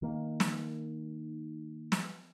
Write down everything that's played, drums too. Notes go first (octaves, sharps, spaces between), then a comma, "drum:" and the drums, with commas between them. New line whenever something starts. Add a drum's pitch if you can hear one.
D#3 A#3
drum: snare
drum: snare